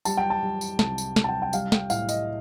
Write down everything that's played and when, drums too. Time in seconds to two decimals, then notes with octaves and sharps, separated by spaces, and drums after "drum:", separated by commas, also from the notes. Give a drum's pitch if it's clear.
0.05 G3 A5, drum: tambourine
0.17 G5
0.30 A5
0.43 G3
0.61 drum: tambourine
0.79 C2 A5, drum: snare
0.98 drum: tambourine
1.16 C2, drum: snare
1.24 A5
1.29 G5
1.42 G5
1.53 G3 F5, drum: tambourine
1.72 G5, drum: snare
1.90 A2 F5, drum: tambourine
2.09 D#5, drum: tambourine